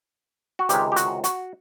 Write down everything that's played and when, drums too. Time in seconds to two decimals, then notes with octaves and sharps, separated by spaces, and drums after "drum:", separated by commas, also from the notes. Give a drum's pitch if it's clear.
0.59 F#4
0.69 C#2 C3 D#3 G#3 G4, drum: hi-hat
0.92 G4
0.96 F#4, drum: hi-hat
1.24 F#4, drum: hi-hat